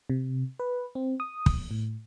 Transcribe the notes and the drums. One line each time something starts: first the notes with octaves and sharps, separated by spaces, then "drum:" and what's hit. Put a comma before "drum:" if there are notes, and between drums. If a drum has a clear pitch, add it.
C3
B4
C4
D#6
drum: kick
A2